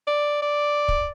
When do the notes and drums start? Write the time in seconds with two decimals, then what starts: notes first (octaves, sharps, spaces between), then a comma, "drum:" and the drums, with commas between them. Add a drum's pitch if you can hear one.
0.07 D5
0.42 D5
0.88 drum: kick